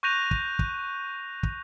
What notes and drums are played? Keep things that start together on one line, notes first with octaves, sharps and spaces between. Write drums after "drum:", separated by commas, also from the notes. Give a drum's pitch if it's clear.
C#6 F#6 G6 A#6 D#7 F7
drum: kick
drum: kick
drum: kick